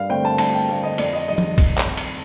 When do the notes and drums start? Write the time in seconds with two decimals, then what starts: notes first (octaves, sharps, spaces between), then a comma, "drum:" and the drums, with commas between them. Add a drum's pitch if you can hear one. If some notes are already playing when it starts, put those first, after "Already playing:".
Already playing: G2 F5
0.09 D3 A3 C4 G5
0.25 A5
0.38 G2 A5, drum: cymbal
0.54 G5
0.69 D3 A3 C4 F5
0.83 D#5
0.98 F2 D5, drum: cymbal
1.13 D#5
1.28 D#3 G3 D#5
1.38 drum: tom F3
1.58 drum: kick, cymbal
1.78 drum: clap
1.97 drum: cymbal